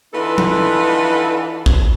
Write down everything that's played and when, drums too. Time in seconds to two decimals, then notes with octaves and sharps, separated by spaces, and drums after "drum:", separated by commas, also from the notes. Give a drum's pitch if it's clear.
0.14 D3 E3 D#4 F4 A4 B4
0.38 drum: tom
1.66 drum: kick